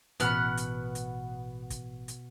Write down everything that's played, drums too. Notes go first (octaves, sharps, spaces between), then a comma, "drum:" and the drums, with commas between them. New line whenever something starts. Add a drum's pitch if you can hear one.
A1 B2 B3 F#5 B5 F6, drum: hi-hat
drum: hi-hat
drum: hi-hat
drum: kick, hi-hat
drum: hi-hat